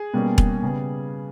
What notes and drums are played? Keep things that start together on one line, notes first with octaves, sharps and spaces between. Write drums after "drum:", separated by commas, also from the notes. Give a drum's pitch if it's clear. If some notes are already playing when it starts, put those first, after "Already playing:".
Already playing: G#4
B2 G3 A#3 C#4
drum: kick E1
C#3 G3 B3